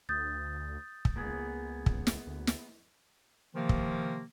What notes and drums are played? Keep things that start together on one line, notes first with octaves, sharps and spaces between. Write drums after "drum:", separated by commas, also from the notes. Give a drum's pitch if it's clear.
D2 D#6 G6 A6
drum: kick
C#2 A#3 B3 G#4
drum: kick
drum: snare
D2
drum: snare
C3 D#3 F3 A#3
drum: kick